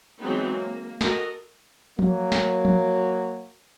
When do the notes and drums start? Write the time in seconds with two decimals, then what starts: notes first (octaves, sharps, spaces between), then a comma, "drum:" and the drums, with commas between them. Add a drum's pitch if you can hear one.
0.20 E3 F#3 G#3 B3 C4 D#4
0.53 A#3
1.01 F#4 A4 A#4 D#5, drum: snare
1.99 F#3 A#3, drum: tom F3
2.32 drum: snare
2.65 drum: tom F3